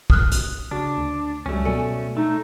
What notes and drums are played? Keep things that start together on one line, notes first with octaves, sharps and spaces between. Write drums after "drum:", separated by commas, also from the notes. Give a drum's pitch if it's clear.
D#6 F6 F#6, drum: kick
drum: hi-hat
C#3 D4 F#4
D2
C#2 F#3 G3 A3 C#4
B2 A4 D5 G#5 C#7
A3 D#4